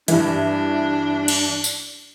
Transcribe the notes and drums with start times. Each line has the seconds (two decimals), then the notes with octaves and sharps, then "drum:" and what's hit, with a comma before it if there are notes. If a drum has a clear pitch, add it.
0.08 G2 E3 D4, drum: hi-hat
1.28 drum: cymbal
1.64 drum: tambourine